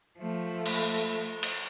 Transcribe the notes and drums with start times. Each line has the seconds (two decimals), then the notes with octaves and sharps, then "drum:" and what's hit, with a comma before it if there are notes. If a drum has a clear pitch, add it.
0.19 F3 A3
0.66 drum: cymbal
1.43 drum: cymbal